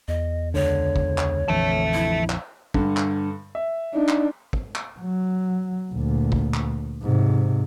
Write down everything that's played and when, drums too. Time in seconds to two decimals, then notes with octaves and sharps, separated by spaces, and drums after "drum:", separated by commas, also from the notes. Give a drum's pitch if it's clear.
0.08 E2 D#5
0.54 C#2 D3 C#5
0.96 drum: kick
1.18 drum: clap
1.48 A#1 F2 D3 E3 E5 A5
1.94 E4
2.30 drum: clap
2.74 G2 D3, drum: kick
2.97 drum: clap
3.55 E5
3.94 D4 D#4
4.08 drum: clap
4.53 drum: kick
4.75 drum: clap
5.00 F#3
5.91 D2 A#2
6.32 drum: kick
6.54 drum: clap
7.03 G#2 C3